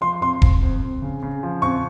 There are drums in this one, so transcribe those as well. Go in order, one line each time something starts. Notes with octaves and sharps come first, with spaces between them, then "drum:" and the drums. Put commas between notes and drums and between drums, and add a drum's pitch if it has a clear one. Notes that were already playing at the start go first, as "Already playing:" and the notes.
F3 C6
F2 C6
F2, drum: kick E1
F2
F2
C#3
C#3
F3
F2 C#6